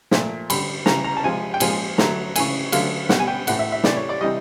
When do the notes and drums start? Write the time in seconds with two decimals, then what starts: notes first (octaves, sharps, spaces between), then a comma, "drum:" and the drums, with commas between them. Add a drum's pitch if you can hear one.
0.11 A#2 F3 A3, drum: snare
0.50 D3 G3 B5, drum: cymbal
0.86 C#3 E3 G3 A#5, drum: snare
1.04 A#5
1.17 A5
1.24 C3 F3 G#3 G#5
1.54 G5
1.60 A#2 F3 G#3 G#5, drum: cymbal
1.98 D3 F#3 A3 A#5, drum: snare
2.36 C#3 E3 A3 G#5, drum: cymbal
2.72 D3 F#3 A3 F5, drum: cymbal
3.09 B2 G3 F#5, drum: snare
3.19 G#5
3.28 G5
3.47 A2 E3 A3 F#5, drum: cymbal
3.59 E5
3.72 E5
3.84 C3 E3 A3 D5, drum: snare
3.96 C#5
4.09 D5
4.21 C3 E3 G3 D#5